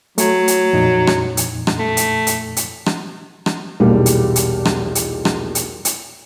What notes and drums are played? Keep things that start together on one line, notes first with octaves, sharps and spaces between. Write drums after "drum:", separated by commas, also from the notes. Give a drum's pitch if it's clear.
F#3 A3, drum: hi-hat
drum: hi-hat
F2 A#2 D#4
drum: rim click
drum: hi-hat
drum: rim click
A3
drum: hi-hat
drum: hi-hat
drum: hi-hat
drum: rim click
drum: rim click
B1 E2 A#2 G3 A#3
drum: hi-hat
drum: hi-hat
drum: rim click
drum: hi-hat
drum: rim click
drum: hi-hat
drum: hi-hat